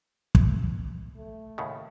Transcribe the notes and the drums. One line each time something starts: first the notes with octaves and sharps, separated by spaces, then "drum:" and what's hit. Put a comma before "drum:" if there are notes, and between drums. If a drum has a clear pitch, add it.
drum: kick
A3
D#2 A2 C#3